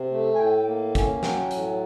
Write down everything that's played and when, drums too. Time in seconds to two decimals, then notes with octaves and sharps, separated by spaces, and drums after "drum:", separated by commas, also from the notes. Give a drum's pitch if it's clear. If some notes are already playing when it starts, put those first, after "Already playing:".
Already playing: C3
0.10 A3
0.35 G#5
0.39 A2 G5
0.67 A#3
0.95 C#4, drum: kick, hi-hat
1.23 F#3 G5, drum: snare
1.51 A2, drum: hi-hat